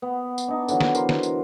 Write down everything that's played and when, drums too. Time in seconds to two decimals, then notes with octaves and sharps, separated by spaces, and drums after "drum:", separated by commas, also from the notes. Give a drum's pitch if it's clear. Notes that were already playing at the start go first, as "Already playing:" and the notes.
0.02 B3
0.38 drum: tambourine
0.48 D4 D#4
0.68 D3 E3 F#3, drum: tambourine
0.81 drum: snare
0.95 A#4 C5, drum: tambourine
1.09 drum: snare
1.23 drum: tambourine